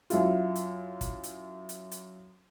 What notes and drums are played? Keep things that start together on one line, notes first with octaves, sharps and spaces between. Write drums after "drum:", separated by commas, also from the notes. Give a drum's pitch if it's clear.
F#2 E4 F4, drum: hi-hat
drum: hi-hat
drum: kick, hi-hat
drum: hi-hat
drum: hi-hat
drum: hi-hat